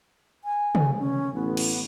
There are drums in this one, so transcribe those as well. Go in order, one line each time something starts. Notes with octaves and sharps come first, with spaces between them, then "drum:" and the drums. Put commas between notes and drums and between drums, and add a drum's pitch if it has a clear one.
G#5
drum: tom
C#4
A1 B3
drum: cymbal